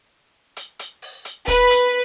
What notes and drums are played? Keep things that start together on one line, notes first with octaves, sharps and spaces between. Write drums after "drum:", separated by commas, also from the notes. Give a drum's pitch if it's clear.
drum: hi-hat
drum: hi-hat
drum: open hi-hat
drum: hi-hat
B4, drum: kick, hi-hat
drum: hi-hat